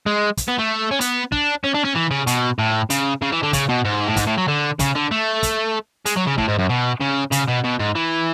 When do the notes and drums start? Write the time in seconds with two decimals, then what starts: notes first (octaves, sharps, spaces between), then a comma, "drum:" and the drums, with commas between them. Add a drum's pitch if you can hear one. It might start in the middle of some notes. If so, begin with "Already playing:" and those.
0.06 G#3
0.37 drum: kick, hi-hat
0.48 B3
0.58 A3
0.91 C#4
1.01 B3, drum: hi-hat
1.32 D4, drum: kick
1.64 C#4
1.74 D4
1.85 C#4
1.95 E3
2.11 C#3
2.27 B2, drum: hi-hat
2.59 A2
2.90 C#3, drum: hi-hat
3.22 C#3
3.32 E3
3.43 D3
3.53 C#3, drum: kick, hi-hat
3.69 B2
3.85 G#2
4.07 A2
4.16 G#2, drum: kick, hi-hat
4.27 A2
4.38 F#3
4.48 D3
4.79 C#3, drum: kick, hi-hat
4.95 D3
5.11 A3
5.43 drum: kick, hi-hat
6.06 G#3, drum: hi-hat
6.17 F#3
6.27 C#3
6.38 A2, drum: kick
6.48 G#2
6.59 F#2
6.69 B2
7.01 C#3
7.32 C#3, drum: hi-hat
7.48 B2
7.64 B2
7.80 G#2
7.96 E3